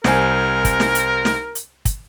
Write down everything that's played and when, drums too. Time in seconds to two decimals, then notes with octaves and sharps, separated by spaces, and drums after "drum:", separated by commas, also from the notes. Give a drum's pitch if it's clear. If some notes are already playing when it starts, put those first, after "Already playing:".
0.04 C2 A#4 C5 G#5, drum: snare
0.65 drum: kick, hi-hat
0.80 drum: snare
0.95 drum: hi-hat
1.25 drum: snare
1.55 drum: hi-hat
1.85 drum: kick, hi-hat